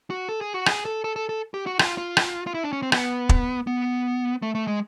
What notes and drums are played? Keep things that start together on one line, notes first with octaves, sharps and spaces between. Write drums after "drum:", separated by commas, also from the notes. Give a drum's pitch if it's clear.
F#4
A4
G#4
F#4
G#4, drum: rim click
A4
A4
A4
A4
G4
F#4
F4, drum: rim click
F4
drum: rim click
F4
E4
D4
C#4
C4
B3, drum: rim click
drum: kick
B3
A3
A3
G#3